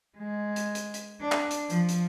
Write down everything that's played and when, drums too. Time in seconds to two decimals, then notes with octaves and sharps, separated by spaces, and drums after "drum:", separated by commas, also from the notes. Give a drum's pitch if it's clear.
0.17 G#3
0.56 drum: hi-hat
0.75 drum: hi-hat
0.94 drum: hi-hat
1.21 D4
1.32 drum: clap
1.51 drum: hi-hat
1.70 F3, drum: hi-hat
1.89 drum: hi-hat